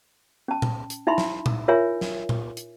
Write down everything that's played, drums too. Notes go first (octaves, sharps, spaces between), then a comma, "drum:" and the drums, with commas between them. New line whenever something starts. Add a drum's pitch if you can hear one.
C#4 A5
drum: tom A#2
drum: hi-hat
D#4 E4 E5 B5 C6
drum: snare
drum: tom A#2
F4 A#4 C#5 E5 G#5
drum: snare
drum: tom A#2
drum: hi-hat